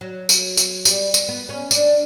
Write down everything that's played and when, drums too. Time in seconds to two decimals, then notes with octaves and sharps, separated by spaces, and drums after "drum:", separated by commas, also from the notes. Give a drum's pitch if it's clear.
0.01 F#3
0.29 drum: tambourine
0.57 drum: tambourine
0.85 G3, drum: tambourine
1.14 drum: tambourine
1.28 B3
1.49 C#4
1.71 D4, drum: tambourine